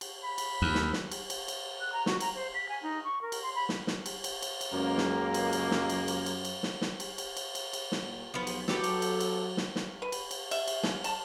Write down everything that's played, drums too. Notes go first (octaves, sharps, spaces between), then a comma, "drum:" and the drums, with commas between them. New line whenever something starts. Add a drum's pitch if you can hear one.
drum: cymbal
B5
drum: cymbal
D#2
drum: snare
drum: snare
drum: cymbal
drum: cymbal
drum: cymbal
F#6
A#5
F#4, drum: snare
A#5, drum: cymbal
C5
B6
G#5
D#4
C#6
A#4
drum: cymbal
C6
B5
drum: snare
drum: snare
drum: cymbal
drum: cymbal
drum: cymbal
drum: cymbal
C#2 F#2 A#3
drum: snare
drum: cymbal
drum: cymbal
drum: snare
drum: cymbal
drum: cymbal
drum: cymbal
drum: cymbal
drum: snare
drum: snare
drum: cymbal
drum: cymbal
drum: cymbal
drum: cymbal
drum: cymbal
drum: snare
A#2
B1 F3 B3
drum: cymbal
F#3 B3 G4 A4, drum: snare
drum: cymbal
drum: cymbal
drum: cymbal
drum: snare
drum: snare
B4
drum: cymbal
drum: cymbal
E5, drum: cymbal
drum: cymbal
C#4, drum: snare
A5, drum: cymbal